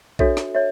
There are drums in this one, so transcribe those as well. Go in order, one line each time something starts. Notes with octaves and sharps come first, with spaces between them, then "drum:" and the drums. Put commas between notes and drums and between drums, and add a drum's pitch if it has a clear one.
D4 F#4 A4 C#5 E5, drum: kick A#1
drum: snare
C#5 E5